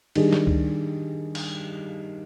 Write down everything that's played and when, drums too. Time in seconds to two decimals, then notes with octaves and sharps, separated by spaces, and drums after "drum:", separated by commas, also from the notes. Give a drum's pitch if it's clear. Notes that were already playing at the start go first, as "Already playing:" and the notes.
0.15 D#3 G3 D4 G#4, drum: cymbal
0.33 drum: snare
0.47 drum: kick C#2
1.35 drum: cymbal